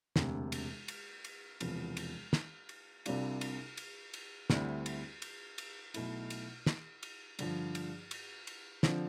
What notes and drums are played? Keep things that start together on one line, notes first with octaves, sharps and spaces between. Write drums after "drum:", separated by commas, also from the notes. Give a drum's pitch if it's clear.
E1 D2 C3, drum: snare
drum: cymbal
drum: cymbal
drum: cymbal
E1 E2 C3 F3 B3, drum: cymbal
drum: cymbal
drum: snare
drum: cymbal
C2 C3 G3 D4 F4, drum: cymbal
drum: cymbal
drum: cymbal
drum: cymbal
D2 D3 G3 C4 E4, drum: snare
drum: cymbal
drum: cymbal
drum: cymbal
B1 B2 A3 E4, drum: cymbal
drum: cymbal
drum: snare
drum: cymbal
G2 D3 F3, drum: cymbal
drum: cymbal
drum: cymbal
drum: cymbal
D3 F3 C4, drum: snare